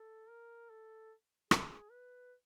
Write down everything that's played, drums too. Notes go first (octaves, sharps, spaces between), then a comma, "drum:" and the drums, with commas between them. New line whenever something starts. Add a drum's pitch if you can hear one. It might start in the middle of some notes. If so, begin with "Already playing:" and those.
Already playing: A4
A#4
A4
G#4, drum: rim click
B4